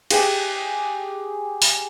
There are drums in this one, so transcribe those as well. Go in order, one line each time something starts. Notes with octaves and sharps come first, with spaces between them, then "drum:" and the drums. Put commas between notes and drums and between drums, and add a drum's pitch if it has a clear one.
G4 G#4 G#5 D6, drum: cymbal
drum: open hi-hat